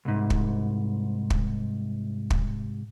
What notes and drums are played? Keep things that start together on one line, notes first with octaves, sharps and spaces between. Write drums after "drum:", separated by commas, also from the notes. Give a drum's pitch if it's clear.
C2 G#2
drum: kick
drum: kick
drum: kick